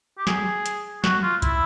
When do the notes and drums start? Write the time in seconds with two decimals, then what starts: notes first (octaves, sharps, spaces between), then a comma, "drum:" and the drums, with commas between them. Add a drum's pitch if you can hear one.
0.18 G4
0.27 G#4, drum: snare
0.66 drum: hi-hat
1.04 F#4, drum: snare
1.23 F4
1.42 E4, drum: kick C2, hi-hat